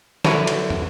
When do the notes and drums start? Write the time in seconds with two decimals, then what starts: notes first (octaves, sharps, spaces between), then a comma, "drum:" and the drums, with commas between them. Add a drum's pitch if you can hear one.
0.25 D3 E4 F#4 A#4 B4 C#5, drum: snare
0.47 drum: cymbal
0.70 drum: tom